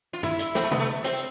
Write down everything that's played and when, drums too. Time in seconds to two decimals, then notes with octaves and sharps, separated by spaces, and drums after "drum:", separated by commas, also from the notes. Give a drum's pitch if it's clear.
0.13 F4
0.23 E4, drum: tom
0.39 drum: hi-hat
0.55 C4, drum: snare
0.64 A3
0.72 B3, drum: tom
0.80 A3
1.04 C4, drum: hi-hat